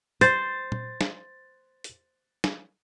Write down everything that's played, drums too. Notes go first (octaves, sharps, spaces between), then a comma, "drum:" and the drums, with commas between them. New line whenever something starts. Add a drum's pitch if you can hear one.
C5 A6, drum: hi-hat
drum: tom A#2
drum: snare
drum: hi-hat
drum: snare